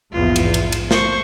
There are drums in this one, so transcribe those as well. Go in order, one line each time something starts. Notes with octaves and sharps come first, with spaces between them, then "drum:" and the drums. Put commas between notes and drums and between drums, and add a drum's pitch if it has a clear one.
A#1 E2 G#2 F4
drum: cymbal
drum: cymbal
drum: cymbal
C3 A3 C5 C#6, drum: snare